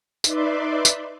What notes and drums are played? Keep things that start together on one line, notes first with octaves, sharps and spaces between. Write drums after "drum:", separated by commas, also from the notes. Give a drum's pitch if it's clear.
D#4 B4 D5 E5 C6 D6, drum: tambourine
drum: tambourine